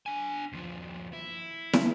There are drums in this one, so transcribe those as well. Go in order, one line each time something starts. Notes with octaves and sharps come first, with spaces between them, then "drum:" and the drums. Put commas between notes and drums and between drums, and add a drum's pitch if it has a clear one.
D4 G#5
D#2 F3
E4
drum: snare